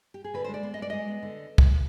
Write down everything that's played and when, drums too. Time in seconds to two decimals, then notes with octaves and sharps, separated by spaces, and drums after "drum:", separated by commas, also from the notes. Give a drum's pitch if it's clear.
0.14 G4
0.24 G#4
0.34 D3 B4
0.44 C5
0.48 G#3
0.54 D5
0.63 B3
0.74 D#5
0.79 G#3 D5
0.90 G#3 D#5
1.08 B3
1.23 D3
1.58 drum: kick